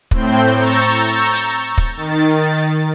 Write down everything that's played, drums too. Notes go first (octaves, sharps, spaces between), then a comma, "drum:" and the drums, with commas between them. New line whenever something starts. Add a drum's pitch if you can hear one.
A2 C4 G6, drum: kick
A#5 C#6 E6 G6 A6
drum: hi-hat
drum: kick
D#3 A6